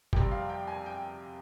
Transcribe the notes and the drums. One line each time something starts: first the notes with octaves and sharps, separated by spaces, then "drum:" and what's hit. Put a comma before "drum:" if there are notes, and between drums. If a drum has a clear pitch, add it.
F2 C3 G3 C4 G5, drum: kick F#1
F5
G5
G#5
G5